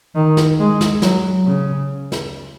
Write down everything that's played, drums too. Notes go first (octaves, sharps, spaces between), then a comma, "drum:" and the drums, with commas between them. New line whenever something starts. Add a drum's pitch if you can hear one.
D#3
drum: snare
G#3
drum: snare
F#3, drum: snare
C#3
drum: snare